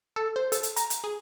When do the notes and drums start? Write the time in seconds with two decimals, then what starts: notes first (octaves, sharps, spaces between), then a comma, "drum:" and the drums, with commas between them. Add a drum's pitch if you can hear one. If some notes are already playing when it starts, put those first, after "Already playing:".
0.16 A4
0.36 C5
0.52 A4, drum: hi-hat
0.63 drum: hi-hat
0.76 A#5, drum: hi-hat
0.90 drum: hi-hat
1.04 G#4